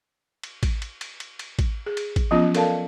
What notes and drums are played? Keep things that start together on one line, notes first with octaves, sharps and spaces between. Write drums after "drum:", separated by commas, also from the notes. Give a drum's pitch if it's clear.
drum: cymbal
drum: kick A1, cymbal
drum: cymbal
drum: cymbal
drum: cymbal
drum: cymbal
drum: kick A1, cymbal
G#4
drum: cymbal
drum: kick A1, cymbal
F3 F#3 B3 C#4 F4
A4 A#4 D5 F5 A5, drum: cymbal